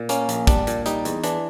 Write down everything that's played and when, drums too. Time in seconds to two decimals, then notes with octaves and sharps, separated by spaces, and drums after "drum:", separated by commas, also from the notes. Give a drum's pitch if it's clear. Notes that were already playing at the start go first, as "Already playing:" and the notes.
Already playing: A#2
0.09 A#3 C#4, drum: hi-hat
0.29 A#1, drum: hi-hat
0.47 G3 D4, drum: kick, hi-hat
0.67 A#2, drum: hi-hat
0.86 G3 D#4, drum: hi-hat
1.05 E2, drum: hi-hat
1.24 E3 D4, drum: hi-hat